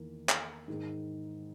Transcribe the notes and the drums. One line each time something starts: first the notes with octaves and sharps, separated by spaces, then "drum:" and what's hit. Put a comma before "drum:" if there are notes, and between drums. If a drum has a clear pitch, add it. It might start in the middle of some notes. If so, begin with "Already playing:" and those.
Already playing: E2 D#3 A#3
drum: clap
G#2 D#3 G#3